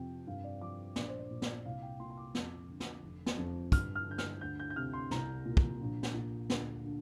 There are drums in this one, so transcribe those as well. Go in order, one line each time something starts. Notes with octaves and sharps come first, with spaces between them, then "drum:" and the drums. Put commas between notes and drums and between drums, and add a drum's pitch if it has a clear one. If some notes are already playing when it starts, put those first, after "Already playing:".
Already playing: F2 C3 G5
G2 F5
D5
F3 D6
A#1 D5, drum: snare
C5
D5
A#2
D5, drum: snare
C2 F5
G5
A#2 C6
C6
D6
F2, drum: snare
D3
drum: snare
F1
drum: snare
F2
G2 F6, drum: kick, hi-hat
F6
D3 G6
F6, drum: snare
D2 G6
G6
G6
C3 F6
C6
C2 A#5, drum: snare
A#2
drum: kick
A#1
drum: snare
A#2
D2, drum: snare
D3